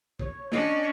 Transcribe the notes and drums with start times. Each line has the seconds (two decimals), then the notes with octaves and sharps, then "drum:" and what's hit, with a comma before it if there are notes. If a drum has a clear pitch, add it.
0.19 C#5, drum: kick
0.52 C#4 D4 D#5, drum: snare